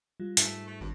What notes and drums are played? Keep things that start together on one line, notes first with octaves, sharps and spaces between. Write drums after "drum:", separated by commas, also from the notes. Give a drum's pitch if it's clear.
G3 F4
G#2 A3, drum: hi-hat
A3
G#1 G2